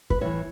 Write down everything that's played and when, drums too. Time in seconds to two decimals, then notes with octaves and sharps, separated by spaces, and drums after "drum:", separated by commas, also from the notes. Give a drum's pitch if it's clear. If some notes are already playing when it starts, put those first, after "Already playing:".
0.10 B4, drum: kick
0.21 A2 E3 C#5